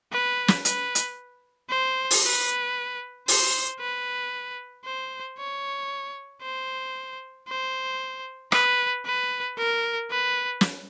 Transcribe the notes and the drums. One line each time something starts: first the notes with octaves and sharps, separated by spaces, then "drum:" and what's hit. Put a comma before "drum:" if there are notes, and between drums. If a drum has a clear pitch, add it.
B4
drum: snare
B4, drum: hi-hat
drum: hi-hat
C5
drum: open hi-hat
B4
C5, drum: open hi-hat
B4
C5
C#5
C5
C5
B4, drum: rim click
B4
A#4
B4
drum: snare